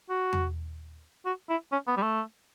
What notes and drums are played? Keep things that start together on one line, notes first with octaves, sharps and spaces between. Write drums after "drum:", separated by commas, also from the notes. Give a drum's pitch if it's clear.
F#4
drum: tom E2
F#4
E4
C#4
B3
G3
A3